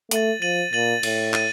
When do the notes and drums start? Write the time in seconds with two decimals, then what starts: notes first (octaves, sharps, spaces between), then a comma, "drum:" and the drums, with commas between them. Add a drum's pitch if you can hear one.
0.11 A3 A6 D#7 F#7, drum: hi-hat
0.42 F3 A6 D#7 F#7
0.73 A#2 A6 D#7 F#7
1.03 A2 A6 D#7 F#7, drum: cymbal
1.34 A6 D#7, drum: clap